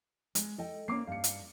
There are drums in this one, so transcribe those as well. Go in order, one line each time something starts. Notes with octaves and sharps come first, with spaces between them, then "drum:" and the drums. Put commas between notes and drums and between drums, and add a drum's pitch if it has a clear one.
G#3, drum: hi-hat
A4 D#5 G5
A#3 C4 C#4 D6 C7
G2 F5 C#7
drum: hi-hat